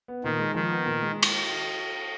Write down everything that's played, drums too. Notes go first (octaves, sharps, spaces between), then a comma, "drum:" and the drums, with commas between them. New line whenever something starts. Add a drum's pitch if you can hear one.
B3
A#2 D#3
G#3
D#3 F3
B3
A#2
G#3
drum: cymbal